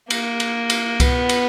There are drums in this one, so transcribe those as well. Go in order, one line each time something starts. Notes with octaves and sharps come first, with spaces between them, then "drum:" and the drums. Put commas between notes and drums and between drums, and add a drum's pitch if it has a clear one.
A#3, drum: cymbal
drum: cymbal
drum: cymbal
B3, drum: kick C2, cymbal
drum: cymbal